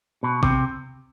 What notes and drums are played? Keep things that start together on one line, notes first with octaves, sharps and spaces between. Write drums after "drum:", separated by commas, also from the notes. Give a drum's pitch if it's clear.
B2
C3, drum: kick